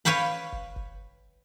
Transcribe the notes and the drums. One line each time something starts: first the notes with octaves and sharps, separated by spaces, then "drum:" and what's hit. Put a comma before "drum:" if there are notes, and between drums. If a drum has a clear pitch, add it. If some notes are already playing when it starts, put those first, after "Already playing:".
B4 C#5 F5 G5 B5
drum: kick F#1
drum: kick F#1